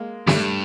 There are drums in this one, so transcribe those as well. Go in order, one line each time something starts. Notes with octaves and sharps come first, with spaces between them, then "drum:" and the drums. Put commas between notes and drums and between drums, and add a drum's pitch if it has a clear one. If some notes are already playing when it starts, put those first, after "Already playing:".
Already playing: G#3 A#3
G2 G3 A3, drum: snare